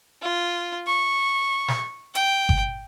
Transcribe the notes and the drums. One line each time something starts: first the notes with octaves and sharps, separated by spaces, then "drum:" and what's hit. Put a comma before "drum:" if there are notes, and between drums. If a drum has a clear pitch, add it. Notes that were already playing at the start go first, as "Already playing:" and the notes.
F4
C#6
drum: snare
G5, drum: hi-hat
drum: kick G1